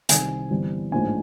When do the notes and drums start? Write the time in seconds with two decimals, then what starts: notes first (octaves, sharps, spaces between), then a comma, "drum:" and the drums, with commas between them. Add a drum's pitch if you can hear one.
0.09 C2 C3 D#3 G#5, drum: hi-hat
0.50 G1 G2 E3 G3 C4
0.92 A1 G#2 F3 A#3 D4 G#5